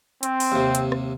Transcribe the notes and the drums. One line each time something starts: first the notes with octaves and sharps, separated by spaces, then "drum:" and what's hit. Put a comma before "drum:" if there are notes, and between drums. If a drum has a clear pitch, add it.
C4, drum: hi-hat
drum: open hi-hat
D#2 C3
drum: hi-hat
drum: rim click